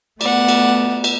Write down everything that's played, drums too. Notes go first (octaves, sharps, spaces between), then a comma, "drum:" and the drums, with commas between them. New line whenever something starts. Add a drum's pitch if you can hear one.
A3 B3 D5 F#5, drum: cymbal
drum: cymbal
drum: cymbal